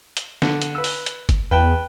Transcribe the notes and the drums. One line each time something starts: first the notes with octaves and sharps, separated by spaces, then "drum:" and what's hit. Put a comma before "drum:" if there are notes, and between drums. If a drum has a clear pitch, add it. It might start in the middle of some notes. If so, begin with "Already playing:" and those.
drum: hi-hat
D3, drum: snare
drum: hi-hat
B4 E6
drum: open hi-hat
drum: hi-hat
drum: kick G1, hi-hat
E2 B4 G5 A5